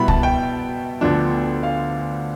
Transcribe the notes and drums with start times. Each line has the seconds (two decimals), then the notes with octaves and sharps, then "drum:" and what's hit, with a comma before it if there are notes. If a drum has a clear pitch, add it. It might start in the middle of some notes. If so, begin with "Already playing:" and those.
Already playing: B2 G3 B3 E4 B5
0.08 A5, drum: kick
0.23 G5
1.01 D2 D3 F3 B3 D4
1.63 F5